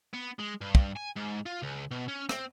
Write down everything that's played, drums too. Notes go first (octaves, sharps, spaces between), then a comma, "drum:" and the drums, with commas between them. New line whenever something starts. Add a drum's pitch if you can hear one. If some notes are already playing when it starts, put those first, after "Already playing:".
B3
G#3
G2
drum: kick
G#5
G#2
F4
C#2
B2
C#4
C4, drum: rim click